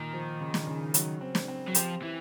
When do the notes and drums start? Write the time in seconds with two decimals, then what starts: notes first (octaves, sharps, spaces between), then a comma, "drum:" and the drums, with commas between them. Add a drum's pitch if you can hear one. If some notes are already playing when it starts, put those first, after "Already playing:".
Already playing: A#2 D#3
0.13 F3
0.40 C#3
0.54 drum: snare
0.67 C#3
0.94 F#3, drum: hi-hat
1.21 C4
1.35 drum: snare
1.48 C4
1.68 F#3
1.75 F3 G4, drum: hi-hat
2.02 E3 E4